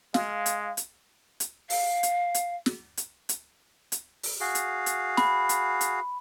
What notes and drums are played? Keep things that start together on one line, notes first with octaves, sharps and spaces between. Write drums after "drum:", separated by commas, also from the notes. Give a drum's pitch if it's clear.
G#3 F5, drum: snare
drum: hi-hat
drum: hi-hat
drum: hi-hat
F5, drum: open hi-hat
drum: hi-hat
drum: hi-hat
drum: snare
drum: hi-hat
drum: hi-hat
drum: hi-hat
drum: open hi-hat
F#4 G#4 F5
drum: hi-hat
drum: hi-hat
B5, drum: snare
drum: hi-hat
drum: hi-hat